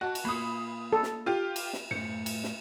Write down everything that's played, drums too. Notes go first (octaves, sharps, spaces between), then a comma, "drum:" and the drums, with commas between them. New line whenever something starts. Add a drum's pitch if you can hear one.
F#4 D#5 A5
drum: cymbal
A#3 F4 B5 D#6
A4
drum: snare
F4 G4
drum: cymbal
drum: snare
A2 C5 C#7, drum: tom F#2
drum: cymbal
drum: snare